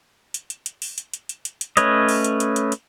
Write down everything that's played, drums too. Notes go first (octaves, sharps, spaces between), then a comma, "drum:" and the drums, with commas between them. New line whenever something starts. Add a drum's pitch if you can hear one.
drum: hi-hat
drum: hi-hat
drum: hi-hat
drum: open hi-hat
drum: hi-hat
drum: hi-hat
drum: hi-hat
drum: hi-hat
drum: hi-hat
A3 C#4 B4 C#5 D#5, drum: hi-hat
drum: open hi-hat
drum: hi-hat
drum: hi-hat
drum: hi-hat
drum: hi-hat